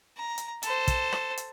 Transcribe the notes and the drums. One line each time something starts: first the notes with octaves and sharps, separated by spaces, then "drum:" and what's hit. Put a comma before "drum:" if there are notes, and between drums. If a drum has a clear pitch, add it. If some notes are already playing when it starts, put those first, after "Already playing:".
A#5
drum: hi-hat
A4 C5, drum: hi-hat
drum: kick, hi-hat
drum: rim click
drum: hi-hat